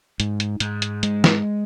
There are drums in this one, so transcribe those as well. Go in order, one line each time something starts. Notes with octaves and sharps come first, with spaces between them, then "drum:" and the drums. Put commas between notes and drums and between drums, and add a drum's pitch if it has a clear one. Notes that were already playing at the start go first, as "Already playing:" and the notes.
G#2, drum: hi-hat
drum: hi-hat
G#2, drum: hi-hat
drum: hi-hat
G#3, drum: hi-hat
drum: snare